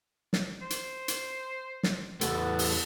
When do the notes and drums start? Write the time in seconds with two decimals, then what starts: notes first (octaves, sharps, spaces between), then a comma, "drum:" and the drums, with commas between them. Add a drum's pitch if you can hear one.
0.33 drum: snare
0.61 C5
0.70 drum: hi-hat
1.08 drum: hi-hat
1.83 drum: snare
2.21 E2 A3 B3 A4, drum: hi-hat
2.59 drum: open hi-hat